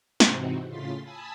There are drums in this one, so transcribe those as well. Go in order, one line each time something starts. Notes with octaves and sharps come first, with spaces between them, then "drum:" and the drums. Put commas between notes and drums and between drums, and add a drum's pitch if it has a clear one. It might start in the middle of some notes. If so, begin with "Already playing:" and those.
G#2 C3 E3 C4 D#4 F#4, drum: snare
A2 C#3 F4 C6 A6 B6
G#5 A5 B5 D#6 E6